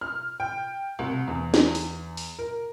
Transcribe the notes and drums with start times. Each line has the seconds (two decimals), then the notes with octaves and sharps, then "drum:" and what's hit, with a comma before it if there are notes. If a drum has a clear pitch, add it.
0.01 F6
0.40 G5
0.99 C2
1.28 E2
1.54 drum: snare
1.75 drum: open hi-hat
2.17 drum: open hi-hat
2.39 A#4